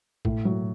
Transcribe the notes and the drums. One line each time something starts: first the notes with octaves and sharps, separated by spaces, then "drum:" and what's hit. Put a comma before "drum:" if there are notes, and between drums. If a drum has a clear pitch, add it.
A2, drum: kick
F#3